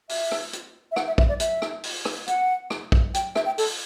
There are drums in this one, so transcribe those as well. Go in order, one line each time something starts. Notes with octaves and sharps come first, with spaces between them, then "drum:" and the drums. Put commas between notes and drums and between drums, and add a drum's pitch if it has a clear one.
E5, drum: open hi-hat
drum: rim click
drum: hi-hat
E5
F#5, drum: rim click
E5
E5, drum: kick
D5
E5, drum: hi-hat
drum: rim click
drum: open hi-hat
drum: rim click
F#5, drum: hi-hat
drum: rim click
drum: kick
G5, drum: hi-hat
E5, drum: rim click
G5
A4, drum: open hi-hat